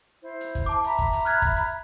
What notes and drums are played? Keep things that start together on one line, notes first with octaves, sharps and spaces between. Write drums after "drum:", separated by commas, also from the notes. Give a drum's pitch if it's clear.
E4 C5
drum: hi-hat
drum: kick, hi-hat
A5 D6
E5 A#5 B5, drum: hi-hat
drum: kick, hi-hat
drum: hi-hat
F6 F#6 G#6, drum: hi-hat
drum: kick, hi-hat
drum: hi-hat